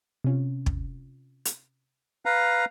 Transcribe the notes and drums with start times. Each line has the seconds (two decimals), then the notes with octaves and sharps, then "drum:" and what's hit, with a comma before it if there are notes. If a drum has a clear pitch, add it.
0.24 C3 C#4 F4
0.66 drum: kick
1.45 drum: hi-hat
2.25 B4 F5 A#5